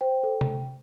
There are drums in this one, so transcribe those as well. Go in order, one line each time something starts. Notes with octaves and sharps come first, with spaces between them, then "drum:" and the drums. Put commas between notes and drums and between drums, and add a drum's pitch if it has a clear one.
C5 G5
A4
drum: tom C3